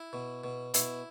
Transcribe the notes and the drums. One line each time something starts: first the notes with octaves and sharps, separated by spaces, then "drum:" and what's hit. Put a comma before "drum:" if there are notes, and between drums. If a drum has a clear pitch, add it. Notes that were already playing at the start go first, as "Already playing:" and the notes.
Already playing: E4
B2
B2
B2 E4, drum: hi-hat